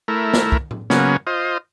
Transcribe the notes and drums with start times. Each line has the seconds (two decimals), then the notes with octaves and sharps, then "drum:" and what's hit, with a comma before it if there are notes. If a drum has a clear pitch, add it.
0.08 A3 E4 A#4
0.34 drum: snare
0.52 drum: kick
0.71 drum: tom A2
0.90 C#3 F#3 A#3 B3 C#4, drum: snare
1.27 F4 C5 D#5